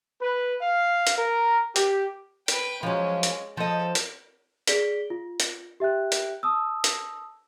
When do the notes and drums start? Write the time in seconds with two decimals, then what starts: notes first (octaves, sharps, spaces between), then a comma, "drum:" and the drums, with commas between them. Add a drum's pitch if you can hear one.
0.21 B4
0.62 F5
1.07 drum: hi-hat
1.17 A#4
1.76 G4, drum: hi-hat
2.48 B4 G5, drum: hi-hat
2.83 F3 F#3 G#3 C#4
3.23 drum: hi-hat
3.57 F3 A4 D#5
3.95 drum: hi-hat
4.67 G#4 D5 B6 D7 G7, drum: hi-hat
5.10 F4
5.40 drum: hi-hat
5.80 G4 E5 G5 F#6
6.12 drum: hi-hat
6.43 A5 D#6 E6
6.84 drum: hi-hat